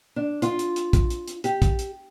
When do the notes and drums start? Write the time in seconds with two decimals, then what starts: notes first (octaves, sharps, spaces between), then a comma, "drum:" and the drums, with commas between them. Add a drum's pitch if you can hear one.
0.16 D4
0.42 F4, drum: hi-hat
0.59 drum: hi-hat
0.76 drum: hi-hat
0.93 drum: kick, hi-hat
1.10 drum: hi-hat
1.28 drum: hi-hat
1.44 G4, drum: hi-hat
1.62 drum: kick, hi-hat
1.79 drum: hi-hat